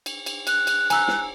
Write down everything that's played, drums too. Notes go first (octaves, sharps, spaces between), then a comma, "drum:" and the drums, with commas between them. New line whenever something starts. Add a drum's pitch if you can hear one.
drum: cymbal
drum: cymbal
F#6, drum: cymbal
drum: cymbal
G#5 A#5 E6, drum: cymbal
drum: snare